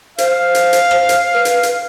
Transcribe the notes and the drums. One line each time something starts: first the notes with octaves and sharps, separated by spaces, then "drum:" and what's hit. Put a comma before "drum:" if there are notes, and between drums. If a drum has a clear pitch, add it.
C5 F5, drum: hi-hat
drum: hi-hat
drum: hi-hat
drum: rim click
drum: hi-hat
B4
drum: hi-hat
drum: hi-hat